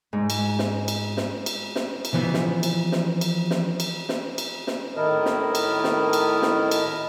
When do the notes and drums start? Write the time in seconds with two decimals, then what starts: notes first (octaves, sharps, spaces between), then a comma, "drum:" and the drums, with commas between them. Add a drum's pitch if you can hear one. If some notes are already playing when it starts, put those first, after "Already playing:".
0.13 G#2
0.30 drum: cymbal
0.59 drum: snare
0.88 drum: cymbal
1.17 drum: snare
1.46 drum: cymbal
1.76 drum: snare
2.05 drum: cymbal
2.14 E3 F3 B3 D#4
2.34 drum: snare
2.63 drum: cymbal
2.92 drum: snare
3.21 drum: cymbal
3.51 drum: snare
3.80 drum: cymbal
4.09 drum: snare
4.38 drum: cymbal
4.67 drum: snare
4.96 A2 D#3 E4 A#4 D#5 A5
5.26 drum: snare
5.55 drum: cymbal
5.84 drum: snare
6.13 drum: cymbal
6.42 drum: snare
6.71 drum: cymbal